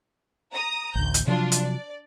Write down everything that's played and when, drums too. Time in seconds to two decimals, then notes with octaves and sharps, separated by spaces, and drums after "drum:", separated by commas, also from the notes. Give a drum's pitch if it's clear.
0.52 A#5 D#6
0.95 A1 D2 G6
1.14 drum: hi-hat
1.27 C3 F3 F#3 D4 F4
1.52 drum: hi-hat
1.64 D5